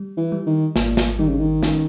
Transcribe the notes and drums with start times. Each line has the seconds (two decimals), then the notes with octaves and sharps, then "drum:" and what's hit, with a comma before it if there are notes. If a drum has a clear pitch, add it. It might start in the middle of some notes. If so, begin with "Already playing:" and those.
Already playing: G3
0.17 E3
0.32 G3
0.47 D#3
0.76 G#1 A#2, drum: snare
0.97 drum: snare
1.19 D#3 G3
1.28 C#3
1.39 D#3
1.63 C#4, drum: snare